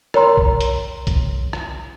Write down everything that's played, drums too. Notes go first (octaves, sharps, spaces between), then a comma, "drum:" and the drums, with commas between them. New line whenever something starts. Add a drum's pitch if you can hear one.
A#4 C#5 G5 A#5 C6, drum: rim click
drum: kick B1
drum: hi-hat
drum: kick B1, hi-hat
drum: rim click